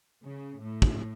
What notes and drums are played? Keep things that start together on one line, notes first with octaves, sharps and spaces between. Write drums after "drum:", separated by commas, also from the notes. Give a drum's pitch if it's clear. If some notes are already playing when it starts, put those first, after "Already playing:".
C#3
A2
drum: kick